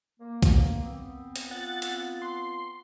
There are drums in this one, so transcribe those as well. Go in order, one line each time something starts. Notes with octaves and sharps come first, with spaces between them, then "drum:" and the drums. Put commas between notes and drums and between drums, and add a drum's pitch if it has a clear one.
A#3
drum: kick B1, hi-hat
B3 C4
drum: hi-hat
F4 F#5 A6
drum: hi-hat
C6